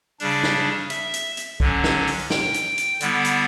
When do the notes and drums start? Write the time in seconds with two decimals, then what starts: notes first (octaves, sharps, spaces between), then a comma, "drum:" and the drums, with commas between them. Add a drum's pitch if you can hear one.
0.20 C#3 G3 D4, drum: open hi-hat
0.43 drum: snare
0.90 E5, drum: hi-hat
1.14 drum: hi-hat
1.37 drum: hi-hat
1.60 D3 F#3 C#4, drum: kick C2
1.84 drum: snare
2.07 drum: open hi-hat
2.30 G5, drum: snare
2.54 drum: hi-hat
2.78 drum: hi-hat
3.00 D3 G3 B3 E4, drum: hi-hat
3.24 drum: hi-hat